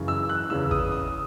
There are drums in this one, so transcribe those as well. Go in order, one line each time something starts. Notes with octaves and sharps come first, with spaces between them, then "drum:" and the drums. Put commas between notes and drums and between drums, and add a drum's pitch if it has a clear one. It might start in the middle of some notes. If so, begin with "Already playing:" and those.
Already playing: F#2 C#3 E3
E6
F#6
E2 C#3 E3 B3 E6
D#6, drum: kick
D#6